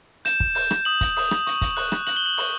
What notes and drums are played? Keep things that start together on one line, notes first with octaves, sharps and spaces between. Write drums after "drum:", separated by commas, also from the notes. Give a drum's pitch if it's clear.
G6 E7, drum: hi-hat
drum: kick
G6, drum: open hi-hat
drum: rim click
D#6 F#7
drum: kick, hi-hat
D#6, drum: open hi-hat
drum: rim click
C#6, drum: hi-hat
drum: kick, hi-hat
F#6, drum: open hi-hat
drum: rim click
F#6 F#7, drum: hi-hat
G7
F#7
C#6, drum: open hi-hat